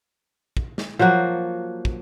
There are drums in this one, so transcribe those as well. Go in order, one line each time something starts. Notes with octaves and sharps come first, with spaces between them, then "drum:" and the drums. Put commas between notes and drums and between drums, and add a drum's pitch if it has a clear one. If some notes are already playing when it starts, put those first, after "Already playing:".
drum: kick
drum: snare
F3 F#3 A#3 F#4
drum: kick